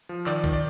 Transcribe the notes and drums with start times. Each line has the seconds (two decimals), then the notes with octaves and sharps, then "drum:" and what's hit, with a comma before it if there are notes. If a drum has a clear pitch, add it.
0.09 F3
0.26 D#3 D5, drum: clap
0.44 D#3, drum: kick A#1
0.53 D5